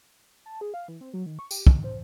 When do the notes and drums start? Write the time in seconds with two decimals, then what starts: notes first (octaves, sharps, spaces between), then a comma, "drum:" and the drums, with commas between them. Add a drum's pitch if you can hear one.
0.46 A5
0.61 G#4
0.74 F5
0.88 E3
1.01 C4
1.14 F#3
1.26 D#3
1.39 C#6
1.51 G4, drum: tambourine
1.67 D3, drum: kick
1.84 C5